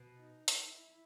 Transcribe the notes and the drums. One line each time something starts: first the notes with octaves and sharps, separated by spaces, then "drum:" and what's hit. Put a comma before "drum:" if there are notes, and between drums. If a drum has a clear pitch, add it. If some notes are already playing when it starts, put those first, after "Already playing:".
Already playing: B2
D#4
drum: hi-hat
E4